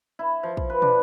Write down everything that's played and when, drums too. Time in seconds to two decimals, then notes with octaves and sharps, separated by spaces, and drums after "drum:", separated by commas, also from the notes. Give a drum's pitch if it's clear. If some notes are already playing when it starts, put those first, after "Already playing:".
0.19 E4
0.43 F3
0.57 drum: kick
0.70 B4
0.82 D4, drum: tom